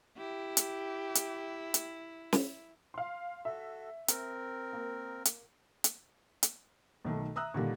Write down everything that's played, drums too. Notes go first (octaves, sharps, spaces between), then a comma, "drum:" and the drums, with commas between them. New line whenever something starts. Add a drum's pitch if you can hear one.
E4 G4
drum: hi-hat
drum: hi-hat
drum: hi-hat
drum: snare
F5 C6
F#4 A4 E5
C4 A#4, drum: hi-hat
A#3
drum: hi-hat
drum: hi-hat
drum: hi-hat
B1 D#3 A3
E5 A#5 D#6 E6 F#6
A#2 D3 D#3 G3 A#3